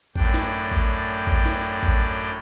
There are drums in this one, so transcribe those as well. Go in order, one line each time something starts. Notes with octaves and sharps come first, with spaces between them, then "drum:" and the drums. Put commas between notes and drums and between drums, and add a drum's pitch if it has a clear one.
F#2 A2 D4 G5, drum: kick A1, tambourine
drum: snare
drum: tambourine
drum: kick A1, tambourine
drum: tambourine
drum: kick A1, tambourine
drum: snare
drum: tambourine
drum: kick A1, tambourine
drum: tambourine
drum: tambourine